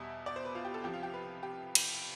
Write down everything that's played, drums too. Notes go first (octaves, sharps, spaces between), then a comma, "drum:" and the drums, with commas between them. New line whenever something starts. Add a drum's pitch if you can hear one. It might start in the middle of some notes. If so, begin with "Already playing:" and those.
Already playing: E2 B2 G3 E5
D5
C5
B4
F4
G4
A4
C2 C3 F3 G4
F4
G4
B4
G4
drum: cymbal